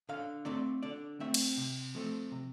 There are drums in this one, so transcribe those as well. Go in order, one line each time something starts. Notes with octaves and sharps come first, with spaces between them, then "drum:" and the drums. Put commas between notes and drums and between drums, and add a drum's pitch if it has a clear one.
D3 F5
A3 C4 D5
D3 D5
A3 C4 E5
drum: cymbal
C3
F3 A3 C4
C3